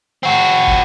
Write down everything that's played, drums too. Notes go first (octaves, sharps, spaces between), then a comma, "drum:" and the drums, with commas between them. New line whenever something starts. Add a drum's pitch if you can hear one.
C4 F#4
drum: kick